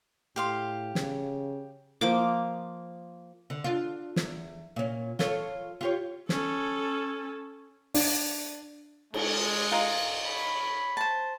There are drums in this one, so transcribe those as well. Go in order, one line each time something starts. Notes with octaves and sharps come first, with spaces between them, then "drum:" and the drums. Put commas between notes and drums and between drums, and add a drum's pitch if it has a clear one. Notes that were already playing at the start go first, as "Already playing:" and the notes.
A2 G4 F5 C6
C#3, drum: snare
F3 A#3 D6
D3
D4 F4
E2, drum: snare
A#2 C#4
F4 A4 C#5, drum: snare
F4 G4 C#5
C#4 A4, drum: snare
D4, drum: open hi-hat
G#3, drum: cymbal
F4 A#4 D#5
C#5 B5
C5 A5